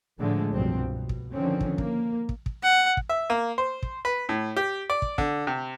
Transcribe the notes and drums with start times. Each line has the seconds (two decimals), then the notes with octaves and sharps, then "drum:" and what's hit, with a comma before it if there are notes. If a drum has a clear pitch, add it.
0.19 A2 D3 F3 G#3 A3
0.53 C2 G2 B2 F3 F#3 C4
0.89 B2
1.09 drum: kick
1.32 D3 D#3 F3 C4 C#4
1.61 drum: kick
1.78 A#3, drum: kick
2.29 drum: kick
2.46 drum: kick
2.63 F#5
2.97 drum: kick
3.09 E5
3.30 A#3
3.58 C5
3.83 drum: kick
4.05 B4
4.29 A2
4.57 G4
4.90 D5
5.02 drum: kick
5.18 D3, drum: kick
5.47 C3